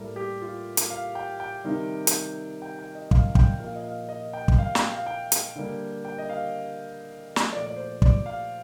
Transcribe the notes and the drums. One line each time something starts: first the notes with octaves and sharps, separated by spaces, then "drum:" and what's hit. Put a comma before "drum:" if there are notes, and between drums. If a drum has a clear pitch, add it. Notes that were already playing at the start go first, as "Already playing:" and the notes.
Already playing: A2 G3 A#3 A4 A#4
G4
F4
drum: hi-hat
F5
G5
G5
C3 D#3 G3
drum: hi-hat
G5
G5
D#5
F5, drum: kick
G5, drum: kick
A#2 F3 A#3 F5
D#5
F5
D#5
G5
drum: kick
F5
G5, drum: snare
F5
G5
drum: hi-hat
D3 G3 A#3
G5
D#5
F5
drum: snare
A#2 F3 A3 D5
D5
C5
D5, drum: kick
F5